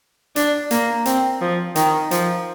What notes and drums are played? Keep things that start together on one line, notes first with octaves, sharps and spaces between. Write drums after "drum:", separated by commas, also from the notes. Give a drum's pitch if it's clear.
D4, drum: hi-hat
A#3, drum: hi-hat
C4, drum: hi-hat
F3
D#3, drum: hi-hat
F3, drum: hi-hat